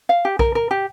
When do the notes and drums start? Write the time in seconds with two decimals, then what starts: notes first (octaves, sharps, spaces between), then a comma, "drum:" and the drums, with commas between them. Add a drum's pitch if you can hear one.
0.09 F5
0.25 G4
0.39 A#4, drum: kick B1
0.55 A#4
0.71 G4